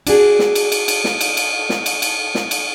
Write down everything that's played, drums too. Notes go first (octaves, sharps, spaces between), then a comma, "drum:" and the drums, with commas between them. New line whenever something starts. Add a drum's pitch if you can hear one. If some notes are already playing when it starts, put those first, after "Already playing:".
D4 F#4 G#4, drum: cymbal
drum: snare
drum: cymbal
drum: cymbal
drum: cymbal
drum: snare
drum: cymbal
drum: cymbal
drum: snare
drum: cymbal
drum: cymbal
drum: snare
drum: cymbal